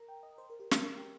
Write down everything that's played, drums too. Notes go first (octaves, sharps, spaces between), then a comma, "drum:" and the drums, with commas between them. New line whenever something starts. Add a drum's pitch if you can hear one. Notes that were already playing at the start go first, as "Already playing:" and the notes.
Already playing: A#4 A#5
G5
D#5
C5
A#4
G4
A#4, drum: snare
A#4
G4